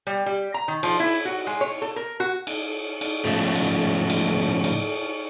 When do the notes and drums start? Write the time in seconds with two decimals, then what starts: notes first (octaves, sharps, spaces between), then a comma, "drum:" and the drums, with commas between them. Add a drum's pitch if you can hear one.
0.07 G3
0.26 G3
0.54 A#5
0.68 D#3
0.83 F3, drum: cymbal
1.00 E4
1.25 F#4
1.47 G#3
1.61 C#5
1.82 A4
1.96 A#4
2.20 F#4
2.47 drum: cymbal
3.01 drum: cymbal
3.25 G#2 C#3 F3 A3
3.55 drum: cymbal
4.10 drum: cymbal
4.64 drum: cymbal